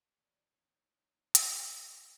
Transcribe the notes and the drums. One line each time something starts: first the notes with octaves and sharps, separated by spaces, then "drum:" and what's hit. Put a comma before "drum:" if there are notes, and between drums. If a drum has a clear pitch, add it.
E2 A#2 D#4 C#5
drum: hi-hat